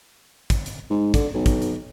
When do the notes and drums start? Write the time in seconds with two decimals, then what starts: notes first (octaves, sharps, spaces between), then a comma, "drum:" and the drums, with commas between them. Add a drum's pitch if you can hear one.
0.50 drum: kick, hi-hat
0.66 drum: hi-hat
0.90 G#2
1.14 D3, drum: kick, hi-hat
1.34 B1
1.46 drum: kick, hi-hat
1.62 drum: hi-hat